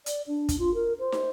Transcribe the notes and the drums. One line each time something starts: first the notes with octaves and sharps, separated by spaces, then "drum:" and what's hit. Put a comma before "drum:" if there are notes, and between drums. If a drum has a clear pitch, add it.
D5, drum: hi-hat
D4
drum: kick, hi-hat
F4
A#4
C5
drum: snare